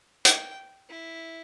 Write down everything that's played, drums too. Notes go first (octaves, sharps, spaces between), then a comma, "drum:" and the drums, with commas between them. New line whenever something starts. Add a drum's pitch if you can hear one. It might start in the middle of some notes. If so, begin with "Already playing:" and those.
G5, drum: hi-hat
E4